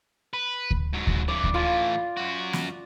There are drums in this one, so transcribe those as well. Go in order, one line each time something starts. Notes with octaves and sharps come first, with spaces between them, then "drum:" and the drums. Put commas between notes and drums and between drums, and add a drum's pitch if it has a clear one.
B4
drum: kick D2
G#2 F#3
drum: kick D2
G2 E3 D5
drum: kick D2
A2 E3 F4
F#2 F#4
drum: snare